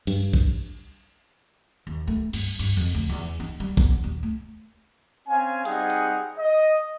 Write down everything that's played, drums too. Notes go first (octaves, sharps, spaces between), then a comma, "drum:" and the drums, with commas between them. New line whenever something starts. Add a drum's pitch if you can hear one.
G2, drum: cymbal
drum: kick A1
D#2
A3
G2, drum: cymbal
G2, drum: cymbal
F2
D2
E2
D#4
G3
B3, drum: kick A1
D#1
A3
C4 C#4 F5 G#5
G3 C4 D#4 G#4 F#5 G5, drum: hi-hat
drum: hi-hat
D#5